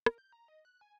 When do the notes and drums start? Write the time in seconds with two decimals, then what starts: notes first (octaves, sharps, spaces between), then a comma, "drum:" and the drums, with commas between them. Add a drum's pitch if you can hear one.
0.06 A#4, drum: rim click
0.18 G6
0.32 A#5
0.48 D#5
0.65 F#6
0.81 G#5